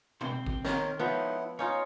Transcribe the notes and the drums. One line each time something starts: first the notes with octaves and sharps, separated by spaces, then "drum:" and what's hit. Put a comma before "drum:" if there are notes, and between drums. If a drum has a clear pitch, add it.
C4 G5, drum: tom B2
drum: kick G#1
D#3 A#4 C#5, drum: snare
C#2 F3 B3 D#4 E4 C#5 F#5
C#4 D#4 F4 C#5 F5